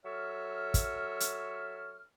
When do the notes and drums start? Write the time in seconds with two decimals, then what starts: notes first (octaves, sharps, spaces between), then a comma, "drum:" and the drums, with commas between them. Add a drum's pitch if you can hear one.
0.04 F#3 A4 C#5 E5 C#6 F6
0.74 drum: kick, hi-hat
1.20 drum: hi-hat